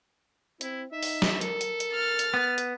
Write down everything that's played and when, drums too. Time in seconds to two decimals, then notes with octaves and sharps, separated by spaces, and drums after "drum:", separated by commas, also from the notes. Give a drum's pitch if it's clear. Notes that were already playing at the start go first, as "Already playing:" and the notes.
0.61 C4 E4, drum: hi-hat
0.92 D#4 E5
1.03 drum: open hi-hat
1.22 drum: snare
1.41 A4 A#4, drum: hi-hat
1.61 drum: hi-hat
1.80 drum: hi-hat
1.92 F6 A6
2.19 drum: hi-hat
2.34 B3
2.58 drum: hi-hat